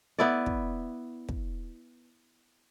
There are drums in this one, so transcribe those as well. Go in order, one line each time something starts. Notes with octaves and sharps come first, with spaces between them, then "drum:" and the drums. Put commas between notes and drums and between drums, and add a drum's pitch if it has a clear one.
B3 E4 D5
drum: kick
drum: kick